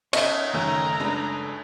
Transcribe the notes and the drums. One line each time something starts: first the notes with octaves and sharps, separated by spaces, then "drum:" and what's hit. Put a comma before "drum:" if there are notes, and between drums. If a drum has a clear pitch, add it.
B3 C#4 C#5 D#5 E5 A5, drum: cymbal
F#1 D#3 A3 C#4 D#4 A#5 E6
G#3 D4 B4